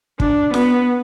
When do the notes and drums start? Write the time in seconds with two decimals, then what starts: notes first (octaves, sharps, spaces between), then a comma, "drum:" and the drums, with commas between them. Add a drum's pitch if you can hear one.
0.20 D4, drum: kick
0.54 B3, drum: snare F4